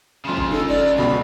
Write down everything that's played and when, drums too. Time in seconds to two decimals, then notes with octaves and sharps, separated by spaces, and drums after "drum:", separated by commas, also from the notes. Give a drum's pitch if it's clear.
0.25 F2 C#3 F4 C6 E7
0.37 drum: kick F#1
0.51 D#4 A4
0.69 D5
0.98 F1 C#2 B2 B5